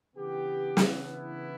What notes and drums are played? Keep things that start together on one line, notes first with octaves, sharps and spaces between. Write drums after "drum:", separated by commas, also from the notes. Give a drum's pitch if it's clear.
C#3 E3 B3 D4 G4
drum: snare
E4